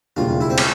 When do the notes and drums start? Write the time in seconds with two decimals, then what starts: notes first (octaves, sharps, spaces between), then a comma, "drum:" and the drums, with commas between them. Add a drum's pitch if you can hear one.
0.16 E1 D#2 C#3 E3 G3 F4
0.41 E4
0.50 C4
0.58 C#4, drum: cymbal